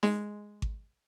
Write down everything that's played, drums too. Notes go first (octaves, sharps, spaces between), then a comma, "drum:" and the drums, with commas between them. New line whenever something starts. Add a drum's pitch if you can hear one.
G#3, drum: snare D#4
drum: kick G#1